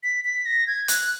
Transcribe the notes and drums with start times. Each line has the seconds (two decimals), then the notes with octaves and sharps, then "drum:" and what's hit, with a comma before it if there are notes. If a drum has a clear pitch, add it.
0.03 B6
0.25 B6
0.46 A#6
0.67 G#6
0.88 F#6, drum: hi-hat